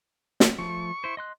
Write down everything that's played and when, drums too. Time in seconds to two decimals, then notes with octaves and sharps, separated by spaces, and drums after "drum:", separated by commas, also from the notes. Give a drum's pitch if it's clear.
0.40 drum: snare
0.59 F3 A3 C#6
1.04 E4 C5
1.17 D#5 C6 F#6